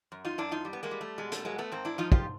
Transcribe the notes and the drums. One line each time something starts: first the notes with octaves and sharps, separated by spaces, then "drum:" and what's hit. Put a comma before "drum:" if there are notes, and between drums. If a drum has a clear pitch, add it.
F#2
D#4 F4
F#2 D4 E4
D#4 F4
G3
B3
G#3 A#3
G3
A3
B2 G#3
A3, drum: hi-hat
F#3 G#3 A#3
A3 B3
G#2 A#3 C4
D4 E4
F3 D#4 F4
F4 G4, drum: kick